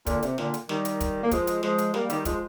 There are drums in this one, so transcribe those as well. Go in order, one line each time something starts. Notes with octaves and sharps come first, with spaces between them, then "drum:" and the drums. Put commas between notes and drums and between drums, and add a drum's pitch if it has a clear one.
A#2 D3, drum: kick, hi-hat
C3, drum: hi-hat
A#2 D3, drum: snare
drum: hi-hat
D#3 G3, drum: snare
drum: hi-hat
drum: kick, hi-hat
A#3
F3 G#3, drum: kick, hi-hat
drum: hi-hat
F3 G#3, drum: snare
drum: hi-hat
G3 A#3, drum: snare
D#3 G3, drum: hi-hat
F3 G#3, drum: kick, hi-hat